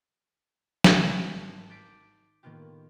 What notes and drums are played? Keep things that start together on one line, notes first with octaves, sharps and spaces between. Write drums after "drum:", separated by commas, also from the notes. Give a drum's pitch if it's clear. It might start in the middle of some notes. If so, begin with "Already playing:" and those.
drum: snare
G#1 F#4 A5 G6 B6
D6 G6 A6 B6 C7 D7
A2 D#3 A#3 B3 F4 G4